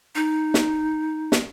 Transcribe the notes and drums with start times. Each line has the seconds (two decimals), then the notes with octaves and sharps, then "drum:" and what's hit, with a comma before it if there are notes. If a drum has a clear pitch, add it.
0.15 D#4
0.54 drum: snare
1.32 drum: snare